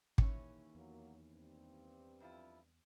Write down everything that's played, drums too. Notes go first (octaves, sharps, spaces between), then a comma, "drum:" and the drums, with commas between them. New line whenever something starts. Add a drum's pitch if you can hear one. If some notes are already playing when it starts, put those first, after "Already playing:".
D#2 E3 C#4 C#5, drum: kick
E2 F#3 A#3
G2 C4
F2 E4 F4